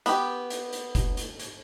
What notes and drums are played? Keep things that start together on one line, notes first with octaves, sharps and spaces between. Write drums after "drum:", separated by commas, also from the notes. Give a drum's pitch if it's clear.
B3 G4, drum: hi-hat
drum: hi-hat
drum: hi-hat
drum: kick F#1, hi-hat
drum: hi-hat
drum: hi-hat